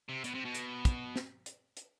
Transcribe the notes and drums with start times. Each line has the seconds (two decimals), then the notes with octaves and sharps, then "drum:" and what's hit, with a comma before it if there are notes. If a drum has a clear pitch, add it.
0.09 C3
0.24 B2, drum: hi-hat
0.34 C3
0.45 B2
0.55 drum: hi-hat
0.85 drum: kick, hi-hat
1.16 drum: snare
1.46 drum: hi-hat
1.77 drum: hi-hat